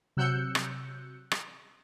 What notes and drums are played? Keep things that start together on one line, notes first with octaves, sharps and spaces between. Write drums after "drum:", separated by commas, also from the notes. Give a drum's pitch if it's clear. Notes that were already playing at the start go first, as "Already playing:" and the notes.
C3 F#3 E6 F#6 G6 C#7
drum: rim click
drum: rim click